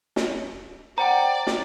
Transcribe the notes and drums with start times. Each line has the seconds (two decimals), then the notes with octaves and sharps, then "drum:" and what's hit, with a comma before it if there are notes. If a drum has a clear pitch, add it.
0.16 drum: snare
0.98 C5 D5 F#5 G5 A#5
1.47 drum: snare